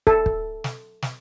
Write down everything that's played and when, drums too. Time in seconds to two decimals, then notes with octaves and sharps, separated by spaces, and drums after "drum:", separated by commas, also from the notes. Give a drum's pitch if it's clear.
0.07 A4, drum: kick
0.26 drum: kick
0.64 drum: snare
1.02 drum: snare